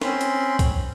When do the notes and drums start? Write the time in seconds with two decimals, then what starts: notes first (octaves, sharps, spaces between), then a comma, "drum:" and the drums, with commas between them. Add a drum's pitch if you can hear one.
0.02 C4 C#4 B5 C6, drum: snare
0.21 drum: hi-hat
0.59 drum: kick C2, hi-hat